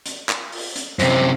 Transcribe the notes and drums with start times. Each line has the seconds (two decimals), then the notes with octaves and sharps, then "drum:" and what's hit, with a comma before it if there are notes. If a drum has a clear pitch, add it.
0.06 drum: hi-hat
0.29 drum: clap
0.52 drum: open hi-hat
0.76 drum: hi-hat
0.99 F#2 C3 C5, drum: hi-hat